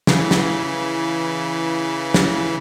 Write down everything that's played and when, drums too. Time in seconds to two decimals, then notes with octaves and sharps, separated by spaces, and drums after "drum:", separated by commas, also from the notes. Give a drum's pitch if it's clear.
0.07 C#3 E3, drum: snare
0.31 drum: snare
2.14 drum: snare